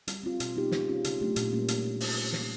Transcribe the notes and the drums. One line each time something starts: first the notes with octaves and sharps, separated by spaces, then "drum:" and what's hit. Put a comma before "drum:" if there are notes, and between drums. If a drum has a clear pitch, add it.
G3, drum: hi-hat
C4 F4
B2, drum: hi-hat
G3 B3 D#4 G4
G#3, drum: snare
C#4 F4
C#3, drum: hi-hat
F#3 A3 D4 G4
A#2, drum: hi-hat
G3 A#3 C#4
drum: hi-hat
drum: open hi-hat
drum: snare